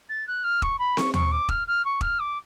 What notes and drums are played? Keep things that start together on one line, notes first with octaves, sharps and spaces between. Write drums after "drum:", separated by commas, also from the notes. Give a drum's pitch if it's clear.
A6
F#6
F6
C#6, drum: kick E1
B5
C#6, drum: snare C4
C#6, drum: tom D#2
D6
F6, drum: kick E1
F6
C#6
F6, drum: kick E1
D6